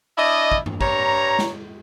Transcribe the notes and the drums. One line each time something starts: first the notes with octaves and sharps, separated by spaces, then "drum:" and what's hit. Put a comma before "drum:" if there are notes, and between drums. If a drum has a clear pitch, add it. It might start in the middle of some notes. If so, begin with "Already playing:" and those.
D4 E4 D#5
drum: kick
drum: tom G2
G2 C#5 A#5, drum: kick
drum: snare